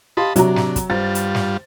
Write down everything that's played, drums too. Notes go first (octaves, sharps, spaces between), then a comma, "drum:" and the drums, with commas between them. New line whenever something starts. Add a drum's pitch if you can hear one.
G4 D#5 F5 A5 B5 C6
C3 F#3 D4 F#4 A#5, drum: hi-hat
drum: snare
drum: kick, hi-hat
G2 G3 F4 C5 A6
drum: hi-hat
drum: snare